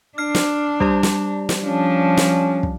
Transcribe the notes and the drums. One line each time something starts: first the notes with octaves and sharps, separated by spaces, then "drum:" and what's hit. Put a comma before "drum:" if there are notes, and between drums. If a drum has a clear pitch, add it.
D4 F6 C7
drum: snare
G3 G4 D5, drum: kick
drum: snare
drum: snare
F3 C#4 D4
drum: snare
drum: kick